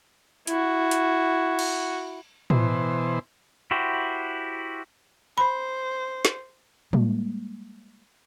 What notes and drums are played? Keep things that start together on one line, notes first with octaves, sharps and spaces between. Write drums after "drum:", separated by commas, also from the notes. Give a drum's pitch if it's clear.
E4 F#4, drum: hi-hat
drum: hi-hat
drum: cymbal
B2 E3 C5, drum: tom A2
E4 F#4 G4 C5
C5 B5
drum: snare
G3 G#3 A#3, drum: tom A2